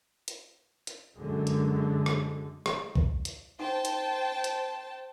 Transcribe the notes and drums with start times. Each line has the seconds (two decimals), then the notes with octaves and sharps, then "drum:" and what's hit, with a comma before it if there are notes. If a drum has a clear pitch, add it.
0.28 drum: hi-hat
0.87 drum: hi-hat
1.17 F#2 D3 G#3
1.47 drum: hi-hat
2.06 drum: rim click
2.66 drum: rim click
2.96 drum: kick B1
3.25 drum: hi-hat
3.59 D#4 C5 G5 A5
3.85 drum: hi-hat
4.44 drum: hi-hat